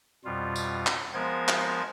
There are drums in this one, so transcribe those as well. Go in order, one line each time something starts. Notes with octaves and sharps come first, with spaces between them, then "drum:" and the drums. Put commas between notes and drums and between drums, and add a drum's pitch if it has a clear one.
F2 B2 G3 F4
drum: tambourine
drum: clap
F3 G#3 B3 A#4 C5 G#6
drum: clap